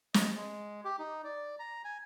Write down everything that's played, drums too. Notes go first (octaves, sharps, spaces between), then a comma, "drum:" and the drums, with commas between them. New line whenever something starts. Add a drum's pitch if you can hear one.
D#5, drum: snare
G#3
G4
D#4
D5
A#5
G#5